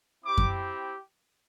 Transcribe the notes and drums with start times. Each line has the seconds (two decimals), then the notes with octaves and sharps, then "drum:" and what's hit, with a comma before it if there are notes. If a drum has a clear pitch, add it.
0.24 C4 E4 G4 D6
0.38 drum: kick F#2